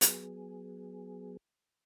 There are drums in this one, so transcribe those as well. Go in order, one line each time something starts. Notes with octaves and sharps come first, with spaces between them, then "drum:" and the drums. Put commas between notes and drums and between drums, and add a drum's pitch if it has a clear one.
F#3 B3 G#4, drum: hi-hat